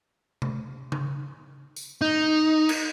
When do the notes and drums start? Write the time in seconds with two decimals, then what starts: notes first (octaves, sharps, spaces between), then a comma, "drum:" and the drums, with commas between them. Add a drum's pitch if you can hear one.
0.42 drum: tom C3
0.92 drum: tom C#3
1.76 drum: tambourine
2.02 D#4
2.69 drum: cymbal